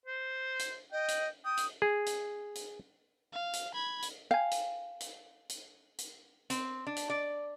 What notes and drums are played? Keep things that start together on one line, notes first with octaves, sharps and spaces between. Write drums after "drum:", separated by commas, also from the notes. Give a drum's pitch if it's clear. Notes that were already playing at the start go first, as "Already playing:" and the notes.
C5
drum: hi-hat
D#5 G5
drum: hi-hat
G5 D#6
drum: hi-hat
G#4
drum: hi-hat
drum: hi-hat
F5
drum: hi-hat
B5 G#6
drum: hi-hat
F5 G5 G#5
drum: hi-hat
drum: hi-hat
drum: hi-hat
drum: hi-hat
C4, drum: hi-hat
D4
drum: hi-hat
D5